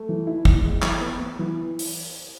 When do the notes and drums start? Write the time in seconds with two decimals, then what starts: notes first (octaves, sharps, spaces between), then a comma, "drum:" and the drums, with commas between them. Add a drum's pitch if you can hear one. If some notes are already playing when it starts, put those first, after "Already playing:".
Already playing: A3
0.09 E3
0.27 E4
0.45 E4, drum: kick G#1
0.64 G#3
0.82 E3, drum: clap
1.01 B3
1.20 B3
1.39 E3
1.79 drum: open hi-hat